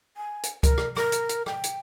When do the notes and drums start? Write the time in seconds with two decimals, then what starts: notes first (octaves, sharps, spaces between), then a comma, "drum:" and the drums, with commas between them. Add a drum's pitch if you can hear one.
0.17 G#5
0.43 drum: hi-hat
0.63 A#4, drum: kick, hi-hat
0.78 drum: rim click
0.97 A#4, drum: rim click
1.12 drum: hi-hat
1.29 drum: hi-hat
1.46 G5, drum: rim click
1.63 drum: hi-hat